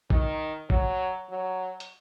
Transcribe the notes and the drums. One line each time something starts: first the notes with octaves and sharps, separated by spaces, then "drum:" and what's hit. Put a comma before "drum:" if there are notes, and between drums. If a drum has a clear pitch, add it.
D#3, drum: kick
F#3, drum: kick
F#3
drum: hi-hat